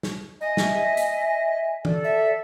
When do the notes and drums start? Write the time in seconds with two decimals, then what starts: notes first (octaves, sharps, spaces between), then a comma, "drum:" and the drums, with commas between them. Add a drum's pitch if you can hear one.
0.03 drum: snare
0.41 D#5 E5 G#5
0.57 drum: snare
0.97 drum: hi-hat
1.85 A4 D5, drum: tom
2.04 E5